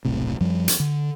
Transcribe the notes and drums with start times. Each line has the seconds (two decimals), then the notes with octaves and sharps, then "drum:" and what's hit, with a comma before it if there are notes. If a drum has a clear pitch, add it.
0.05 D#1 B1 A2 C3
0.41 F#2 F3 G3
0.68 drum: hi-hat
0.80 D3